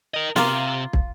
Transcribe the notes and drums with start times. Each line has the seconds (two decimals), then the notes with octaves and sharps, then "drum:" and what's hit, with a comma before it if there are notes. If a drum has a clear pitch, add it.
0.14 A#4 D#5
0.36 C3 A#3 F4, drum: snare
0.93 drum: kick